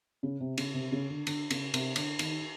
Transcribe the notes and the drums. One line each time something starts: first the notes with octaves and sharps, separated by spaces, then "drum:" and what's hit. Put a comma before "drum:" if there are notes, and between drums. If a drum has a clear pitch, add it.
C#3
C3
C#3, drum: cymbal
C3
C#3
D3
D3, drum: cymbal
C#3, drum: cymbal
C3, drum: cymbal
D3, drum: cymbal
D#3, drum: cymbal